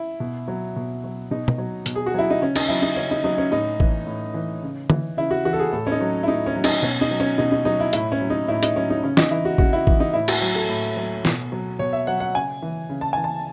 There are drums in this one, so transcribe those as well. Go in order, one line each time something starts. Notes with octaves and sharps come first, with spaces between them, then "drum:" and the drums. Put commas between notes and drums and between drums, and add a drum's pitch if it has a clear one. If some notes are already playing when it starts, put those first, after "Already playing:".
Already playing: E4
B2
F#3
B2
F#3
B2 D#4
drum: tom B2
F#3
B2, drum: hi-hat
G#4
F#4
F#3 E4
D#4
C#3 C#4
D#4, drum: cymbal
F#3 E4
D#4
C#3 C#4
D#4
F#3 D#4
C#4
A2 D#4
E3, drum: kick A1
A2
E3
C#3
E3, drum: tom D3
C#3 E4
F#4
E3 F#4
A4
G#4
A2 A4
C#4
D#4
F#3
E4
A2 D#4
C#4
F#3
D#4, drum: cymbal
B2 C#4
D#4
F#3
C#4
B2 D#4
D#4
F#3 D#4
E4
A2 E4, drum: hi-hat
C#4
F#3
D#4
A2 E4
D#4, drum: hi-hat
F#3 C#4
D#4
C#3 C#4
D#4, drum: snare
E3 E4
F#4
C#3 F#4, drum: kick A1
E4
E3, drum: kick A1
D#4
A2 E4
F#4, drum: cymbal
F#3
A4
A2
F#3
B2, drum: snare
F#3
B2 C#5
E5
F#3 F#5
F#5
C#3 G#5
E3
C#3
A5
E3 G#5
A5